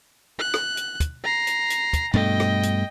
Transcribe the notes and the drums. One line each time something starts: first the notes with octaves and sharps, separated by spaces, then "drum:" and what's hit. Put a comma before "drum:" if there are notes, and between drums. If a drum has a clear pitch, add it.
F#6
drum: rim click
drum: hi-hat
drum: kick, hi-hat
A#5 C7
drum: hi-hat
drum: hi-hat
drum: kick, hi-hat
G2 B2 A3 D#5 G5
drum: rim click
drum: hi-hat